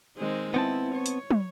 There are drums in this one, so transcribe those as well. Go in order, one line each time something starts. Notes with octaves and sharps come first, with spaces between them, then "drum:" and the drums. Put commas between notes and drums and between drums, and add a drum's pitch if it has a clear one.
D#3 G#3 C4
B3 C4 E4 A5
C#5
drum: hi-hat
drum: tom